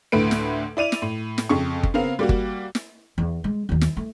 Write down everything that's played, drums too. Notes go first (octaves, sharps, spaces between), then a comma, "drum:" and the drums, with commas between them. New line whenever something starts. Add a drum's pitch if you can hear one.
D2 A2 A3 B4 D7
drum: snare
E4 D5 D#7 F7
drum: snare
A2
drum: snare
F2 C#3 C#6
drum: kick G1
C#3 B3 C4 A#4 F5 F7
G3 A#3 F#4
drum: kick G1
drum: snare
E2
G#3
D#2 F#3
drum: snare
A3